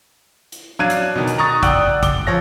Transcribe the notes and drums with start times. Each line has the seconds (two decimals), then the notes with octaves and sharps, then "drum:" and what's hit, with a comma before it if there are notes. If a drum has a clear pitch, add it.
0.52 drum: hi-hat
0.79 F#3 D4 F5 F#6 G#6 D#7
0.90 drum: hi-hat
1.16 B2 D#3
1.27 drum: hi-hat
1.38 A#5 C#6 D#6 A6
1.63 D5 F#5 G5 D#6 E6 F#6, drum: kick, hi-hat
2.03 D6 G7, drum: kick, hi-hat
2.27 F3 C#5 A#6